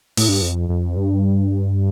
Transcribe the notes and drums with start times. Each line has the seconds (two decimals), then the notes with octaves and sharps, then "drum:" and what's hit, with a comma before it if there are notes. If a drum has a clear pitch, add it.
0.17 A2, drum: open hi-hat
0.29 G2
0.42 F2
0.69 F2
0.97 G2